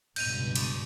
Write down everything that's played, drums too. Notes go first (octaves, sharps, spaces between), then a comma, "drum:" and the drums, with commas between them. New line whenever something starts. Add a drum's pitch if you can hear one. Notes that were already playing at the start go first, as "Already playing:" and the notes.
C#2 G2 B2 G6 D#7 F7, drum: cymbal
drum: cymbal